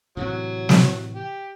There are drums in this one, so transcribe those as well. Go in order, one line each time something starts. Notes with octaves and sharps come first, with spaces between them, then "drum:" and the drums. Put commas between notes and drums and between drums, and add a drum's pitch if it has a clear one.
A2 C3 E3 F#3
drum: snare
G4